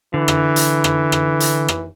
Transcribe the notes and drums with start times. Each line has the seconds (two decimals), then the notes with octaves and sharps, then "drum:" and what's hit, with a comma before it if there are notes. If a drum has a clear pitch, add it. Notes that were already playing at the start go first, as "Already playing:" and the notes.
0.14 D3 E3
0.28 drum: rim click
0.56 drum: hi-hat
0.84 drum: rim click
1.12 drum: rim click
1.40 drum: hi-hat
1.68 drum: rim click